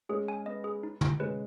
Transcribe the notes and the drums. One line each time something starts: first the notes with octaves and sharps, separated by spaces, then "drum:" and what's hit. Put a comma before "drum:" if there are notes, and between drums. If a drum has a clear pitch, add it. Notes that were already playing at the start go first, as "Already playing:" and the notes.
G#3 C#4 G#4
G#5
B3 D#5
G#4
D#4
D#4, drum: tom
G#3 C#4 B4